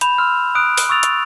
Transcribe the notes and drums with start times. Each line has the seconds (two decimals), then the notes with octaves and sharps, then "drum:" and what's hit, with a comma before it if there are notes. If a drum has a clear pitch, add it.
0.01 B5 G6 E7 F7, drum: hi-hat
0.18 C6 E6 F6
0.55 D#6 F#6 D7
0.78 drum: open hi-hat
0.89 C#6 D#6 E6 A6 F7
1.03 drum: hi-hat